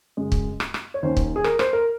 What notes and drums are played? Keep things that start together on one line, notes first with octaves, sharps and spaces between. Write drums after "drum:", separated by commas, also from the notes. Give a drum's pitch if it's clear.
F#2 C#3 G#3
drum: kick
drum: rim click
drum: rim click
C#5
D#2 D#3 A#3 C#4 C5
drum: kick
G#4
A#4, drum: rim click
C5, drum: rim click
A#4